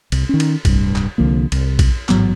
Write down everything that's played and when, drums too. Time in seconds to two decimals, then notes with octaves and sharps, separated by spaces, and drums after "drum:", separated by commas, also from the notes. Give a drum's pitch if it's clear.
0.12 C2, drum: cymbal
0.29 D#3 C#4
0.40 drum: cymbal
0.65 D1 C2 G2, drum: kick A#1, cymbal
0.96 drum: clap
1.18 C2 D3 F3 A#3
1.52 C2, drum: cymbal
1.79 drum: kick A#1, cymbal
2.09 A1 G#2 F#3 B3, drum: clap